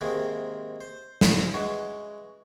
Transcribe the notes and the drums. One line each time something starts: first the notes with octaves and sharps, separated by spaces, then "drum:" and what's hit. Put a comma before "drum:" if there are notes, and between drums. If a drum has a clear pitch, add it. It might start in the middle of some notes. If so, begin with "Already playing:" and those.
G#2 C3 D#3 G#3 A#3 E4
C5
drum: snare
E3 G#3 C#4 F#4